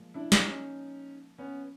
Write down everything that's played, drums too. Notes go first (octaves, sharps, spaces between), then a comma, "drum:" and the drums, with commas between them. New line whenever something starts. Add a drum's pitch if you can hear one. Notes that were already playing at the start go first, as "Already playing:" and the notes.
Already playing: A#2 F3 G#3
D4 E4
drum: snare
C#4 D#4
B3 C#4